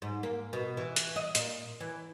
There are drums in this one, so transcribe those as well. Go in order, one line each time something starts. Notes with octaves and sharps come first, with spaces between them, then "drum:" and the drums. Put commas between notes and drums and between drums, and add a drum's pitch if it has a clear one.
G#2
A#3
B2
E3
drum: hi-hat
D#5
A#2, drum: hi-hat
E3